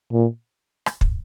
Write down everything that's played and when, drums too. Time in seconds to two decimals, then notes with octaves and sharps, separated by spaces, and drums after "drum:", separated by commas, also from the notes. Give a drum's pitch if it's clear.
0.12 A#2
0.86 drum: rim click
1.01 drum: kick